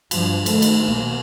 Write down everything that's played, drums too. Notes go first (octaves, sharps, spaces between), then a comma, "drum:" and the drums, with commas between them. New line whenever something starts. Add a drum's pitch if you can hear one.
G2 F3, drum: cymbal
D#3 A3, drum: cymbal
drum: cymbal
B1 A#3